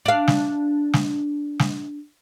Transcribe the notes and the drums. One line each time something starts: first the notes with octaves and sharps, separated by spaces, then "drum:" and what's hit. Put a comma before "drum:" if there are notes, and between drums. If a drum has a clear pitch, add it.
D4 F5
drum: snare
drum: snare
drum: snare